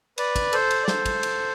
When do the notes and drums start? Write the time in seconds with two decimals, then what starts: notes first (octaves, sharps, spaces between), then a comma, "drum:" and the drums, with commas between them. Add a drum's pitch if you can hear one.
0.18 B4 D5, drum: cymbal
0.36 drum: kick, cymbal
0.53 A4 C5, drum: cymbal
0.71 drum: cymbal
0.84 D5
0.88 A4 C5, drum: snare
1.06 drum: kick, cymbal
1.23 drum: cymbal